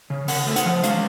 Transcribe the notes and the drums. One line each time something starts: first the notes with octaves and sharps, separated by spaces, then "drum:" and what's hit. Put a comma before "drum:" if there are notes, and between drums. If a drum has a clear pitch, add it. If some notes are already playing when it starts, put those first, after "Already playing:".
C#3
C#3 F#5, drum: open hi-hat
A3
F#5, drum: hi-hat
F3
G#3 F5, drum: hi-hat